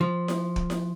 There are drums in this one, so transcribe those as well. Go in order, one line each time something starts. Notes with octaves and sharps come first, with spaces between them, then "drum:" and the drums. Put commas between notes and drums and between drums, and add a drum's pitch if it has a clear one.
F3
drum: snare E4
drum: kick
drum: snare E4